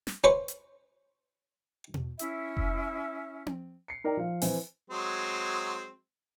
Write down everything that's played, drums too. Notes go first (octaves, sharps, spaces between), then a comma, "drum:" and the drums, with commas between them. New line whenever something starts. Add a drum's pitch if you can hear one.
drum: snare
C#4 B4 C5 C#6
drum: hi-hat
drum: tom B2
C#4 E4 E5, drum: hi-hat
drum: kick F1
drum: tom C4
C7 C#7
D#4 A#4 D5 G5
F3 F5
E3 C4 G#5, drum: open hi-hat
F#3 G#3 C4